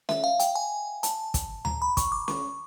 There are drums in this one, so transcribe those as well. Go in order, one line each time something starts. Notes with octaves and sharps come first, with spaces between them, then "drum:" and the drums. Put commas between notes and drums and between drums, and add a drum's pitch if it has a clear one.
E5, drum: snare C#4
F5
G5, drum: hi-hat
G#5
A5, drum: hi-hat
drum: kick, hi-hat
A#5, drum: tom D2
B5
C#6, drum: kick, hi-hat
D6
C#6, drum: snare C#4